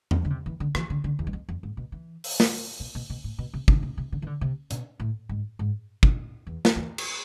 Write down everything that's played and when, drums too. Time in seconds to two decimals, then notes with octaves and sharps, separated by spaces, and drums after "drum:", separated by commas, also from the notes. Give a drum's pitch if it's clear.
0.11 drum: tom E2
0.25 D3
0.30 C3
0.46 E3
0.60 D3
0.75 E3, drum: rim click
0.90 D3
1.04 D3
1.19 E2
1.27 G#2
1.33 F2
1.49 F2
1.63 G#2
1.77 B2
1.92 E3
2.24 drum: open hi-hat
2.40 drum: snare
2.80 B2
2.95 B2
3.10 B2
3.24 A2
3.38 B2
3.54 C3
3.68 D3, drum: kick
3.83 C3
3.98 C3
4.12 D3
4.22 E3
4.27 D3
4.41 C3
4.71 B2, drum: hi-hat
5.00 A2
5.29 G#2
5.59 G#2
6.03 drum: kick
6.47 E2
6.65 drum: snare
6.76 E2
6.98 drum: cymbal